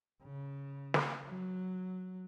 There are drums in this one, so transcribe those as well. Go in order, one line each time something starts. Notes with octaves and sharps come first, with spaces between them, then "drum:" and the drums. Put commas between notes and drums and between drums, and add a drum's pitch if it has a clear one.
C#3
drum: snare
F#3